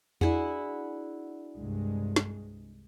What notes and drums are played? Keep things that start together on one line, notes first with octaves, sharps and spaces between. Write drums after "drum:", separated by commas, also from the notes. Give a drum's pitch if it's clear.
D4 E4 F#4 G#4 F#5, drum: tom E2
C2 G2 G#3
drum: snare